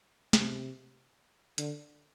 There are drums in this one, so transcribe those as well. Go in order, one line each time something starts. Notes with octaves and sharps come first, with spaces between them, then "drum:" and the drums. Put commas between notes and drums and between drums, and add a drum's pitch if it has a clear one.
C3, drum: snare
D3, drum: hi-hat